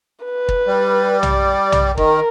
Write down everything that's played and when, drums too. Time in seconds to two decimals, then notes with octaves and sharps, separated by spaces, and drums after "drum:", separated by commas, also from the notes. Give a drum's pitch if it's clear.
0.25 B4
0.48 drum: kick
0.67 G3
1.23 D5, drum: tom B1
1.72 drum: tom B1
1.97 D#3 A#4, drum: kick